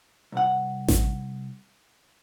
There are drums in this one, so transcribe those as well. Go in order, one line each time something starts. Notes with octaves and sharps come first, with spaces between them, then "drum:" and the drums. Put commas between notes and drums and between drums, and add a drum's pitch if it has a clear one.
C2 F#5
drum: snare A1